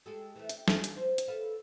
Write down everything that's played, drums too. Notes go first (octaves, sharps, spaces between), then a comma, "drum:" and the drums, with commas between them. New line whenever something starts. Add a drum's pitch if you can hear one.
G#3 G4 A4
E3 A3
G4, drum: hi-hat
E2 G#4 F5, drum: snare
drum: hi-hat
C5
drum: hi-hat
A4 B4 F5